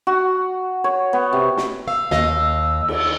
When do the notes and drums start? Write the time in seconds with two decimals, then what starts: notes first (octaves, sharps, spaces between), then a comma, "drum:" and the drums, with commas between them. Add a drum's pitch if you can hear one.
0.07 F#4
0.84 C#5
1.13 B3
1.33 C3
1.57 drum: snare
1.88 F5 E6
2.11 D#2 D#5 F5, drum: snare
2.88 drum: cymbal